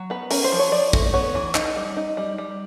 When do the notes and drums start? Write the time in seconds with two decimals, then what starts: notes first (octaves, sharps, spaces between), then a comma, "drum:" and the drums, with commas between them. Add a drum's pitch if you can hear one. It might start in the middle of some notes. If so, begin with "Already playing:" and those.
Already playing: F#3
0.10 B3 B4
0.31 C#4 A#4, drum: open hi-hat
0.44 C5
0.52 F3
0.59 C#5
0.72 F3 D5
0.93 A3, drum: kick
1.14 B3 C#5
1.35 E3
1.55 D#4, drum: clap
1.76 G3
1.97 D#4
2.17 G3
2.38 G3